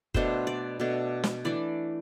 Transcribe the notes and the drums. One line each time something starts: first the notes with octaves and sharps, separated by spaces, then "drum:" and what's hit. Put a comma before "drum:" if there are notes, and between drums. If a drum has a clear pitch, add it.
B2 A3 D4 C5, drum: kick
D5
B2 A3 D4
drum: snare
E3 A3 D4 D5